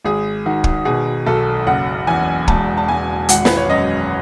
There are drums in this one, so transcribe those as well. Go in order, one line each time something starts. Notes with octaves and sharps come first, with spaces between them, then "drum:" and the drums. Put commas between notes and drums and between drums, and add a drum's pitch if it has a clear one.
G#1 G#4
D#3 F#4
drum: kick
B2 G#4
B1 A4
F#1 F#5
E2 G#5
E1 A5, drum: kick
A5
E1 G#5
G#1 F#5, drum: hi-hat
B4, drum: snare
C#5
F#2 D#5